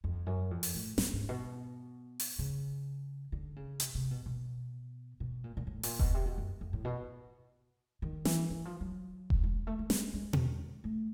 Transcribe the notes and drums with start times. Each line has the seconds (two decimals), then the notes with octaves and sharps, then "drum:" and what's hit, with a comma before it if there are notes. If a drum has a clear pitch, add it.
0.04 F2
0.26 F#2
0.51 F2
0.63 drum: open hi-hat
0.75 A2
0.98 A2, drum: snare
1.13 G#2
1.29 B2
2.20 drum: open hi-hat
2.39 C#3
3.32 D3
3.56 C#3
3.80 C3, drum: hi-hat
3.95 C3
4.11 B2
4.26 B2
5.20 B2
5.44 A#2
5.57 A#2
5.67 A2
5.83 A#2, drum: open hi-hat
5.99 B2, drum: kick E1
6.14 C3
6.26 B2
6.38 F#2
6.61 F2
6.73 A2
6.85 B2
8.02 D#3
8.25 E3, drum: snare
8.50 E3
8.65 F3
8.81 F#3
9.30 drum: kick E1
9.43 G#3
9.67 A3
9.79 A3
9.90 G#3, drum: snare
10.14 G#3
10.33 drum: tom B2
10.84 A3